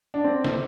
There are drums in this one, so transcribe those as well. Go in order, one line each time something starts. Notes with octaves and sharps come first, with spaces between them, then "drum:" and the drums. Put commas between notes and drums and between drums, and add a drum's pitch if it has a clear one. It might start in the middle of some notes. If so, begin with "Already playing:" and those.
D4
C4
drum: snare